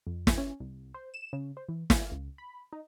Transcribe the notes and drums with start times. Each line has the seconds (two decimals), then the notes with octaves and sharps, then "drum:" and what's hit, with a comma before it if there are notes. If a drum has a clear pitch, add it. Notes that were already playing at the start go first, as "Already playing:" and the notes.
0.07 F2
0.27 drum: snare
0.38 C#4
0.60 C2
0.94 C5
1.14 E7
1.33 C#3
1.57 C5
1.69 E3
1.90 F5, drum: snare
2.12 C#2
2.38 B5
2.73 D#4